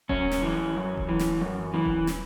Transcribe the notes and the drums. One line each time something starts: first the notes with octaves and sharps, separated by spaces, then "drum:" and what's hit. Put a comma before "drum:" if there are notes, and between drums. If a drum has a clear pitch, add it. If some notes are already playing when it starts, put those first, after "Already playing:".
F#2 C#4, drum: kick D#1
drum: snare
E3
F#2
drum: kick D#1
E3
drum: snare
F#2
E3
drum: kick D#1
drum: snare